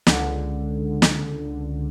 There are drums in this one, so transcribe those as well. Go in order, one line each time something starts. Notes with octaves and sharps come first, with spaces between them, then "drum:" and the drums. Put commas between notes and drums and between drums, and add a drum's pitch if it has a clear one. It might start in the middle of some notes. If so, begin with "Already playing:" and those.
C#2 D3, drum: snare
drum: snare